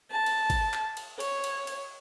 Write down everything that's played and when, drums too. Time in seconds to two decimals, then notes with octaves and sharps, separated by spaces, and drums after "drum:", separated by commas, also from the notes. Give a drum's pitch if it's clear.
0.10 A5
0.26 drum: cymbal
0.50 drum: kick G#1, cymbal
0.73 drum: clap
0.97 drum: cymbal
1.20 C#5, drum: cymbal
1.44 drum: cymbal
1.67 drum: cymbal